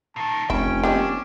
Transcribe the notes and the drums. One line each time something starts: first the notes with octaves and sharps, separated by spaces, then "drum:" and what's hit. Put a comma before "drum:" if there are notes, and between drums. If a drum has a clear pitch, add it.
A#2 D#3 A5
F1 C#4 E4 G5, drum: kick F1
D#3 G3 C4 D4
drum: tom A#3